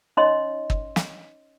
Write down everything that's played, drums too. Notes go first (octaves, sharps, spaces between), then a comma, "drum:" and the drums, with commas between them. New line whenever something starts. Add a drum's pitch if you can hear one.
C#4 D#4 C#5 D#5 C6
drum: kick
drum: snare